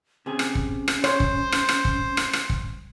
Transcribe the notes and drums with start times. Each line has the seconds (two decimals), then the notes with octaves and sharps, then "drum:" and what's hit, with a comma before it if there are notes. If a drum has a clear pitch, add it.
0.26 C3 C#4 G#4
0.39 drum: rim click
0.55 drum: kick
0.88 drum: rim click
1.04 C5 C#5, drum: rim click
1.20 drum: kick
1.52 drum: rim click
1.69 drum: rim click
1.85 drum: kick
2.17 drum: rim click
2.33 drum: rim click
2.50 drum: kick